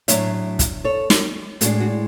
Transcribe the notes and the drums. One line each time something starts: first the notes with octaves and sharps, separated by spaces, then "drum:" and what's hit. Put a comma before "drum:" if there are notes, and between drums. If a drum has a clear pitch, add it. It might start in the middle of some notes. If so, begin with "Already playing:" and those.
A2 F#3 A3 D4 C#5 E5, drum: hi-hat
drum: kick, hi-hat
A4 C#5
drum: snare
A2 G#3 D4 F#4 A4, drum: hi-hat
D4 F#4